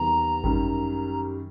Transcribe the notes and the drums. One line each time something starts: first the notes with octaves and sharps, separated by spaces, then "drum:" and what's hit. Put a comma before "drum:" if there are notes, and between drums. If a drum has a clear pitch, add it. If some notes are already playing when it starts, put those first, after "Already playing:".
Already playing: E2 C3 D#3 G3 B3 A#5
F#2 D#3 G3, drum: kick G#1